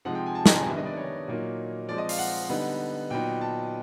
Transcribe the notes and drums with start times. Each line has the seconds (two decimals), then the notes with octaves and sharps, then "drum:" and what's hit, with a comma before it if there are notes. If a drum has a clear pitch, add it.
0.05 C3 F3 G#3 C4 D#4 F#5
0.15 G5
0.26 G#5
0.35 A5
0.46 A#5, drum: snare
0.56 G#5
0.66 D#3 G3 B3 D4 E5
0.77 D#5
0.86 D5
0.97 C#5
1.28 A#2 F#3 A#3 D#4
1.88 F3 G#3 C4 D5
1.98 D#5
2.09 F5, drum: open hi-hat
2.18 F#5
2.49 D3 G3 B3 D#4
3.10 A#2 F#3 B3 D#4 G5
3.41 A5